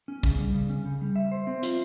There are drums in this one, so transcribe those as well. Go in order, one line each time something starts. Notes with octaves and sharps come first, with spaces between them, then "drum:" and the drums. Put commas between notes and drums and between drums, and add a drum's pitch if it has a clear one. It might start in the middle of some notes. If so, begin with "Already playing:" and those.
C#4
C#3, drum: kick
G3
C#3
C#4
C#3
G3
E5
C5
C4
F4, drum: hi-hat